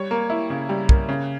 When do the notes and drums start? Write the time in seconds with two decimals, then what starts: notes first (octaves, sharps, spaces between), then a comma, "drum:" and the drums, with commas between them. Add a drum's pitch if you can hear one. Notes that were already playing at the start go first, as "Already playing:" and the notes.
Already playing: G3 C#5
0.11 A#3
0.30 E4
0.50 C#3
0.69 G3
0.89 A#3, drum: kick
1.09 C#3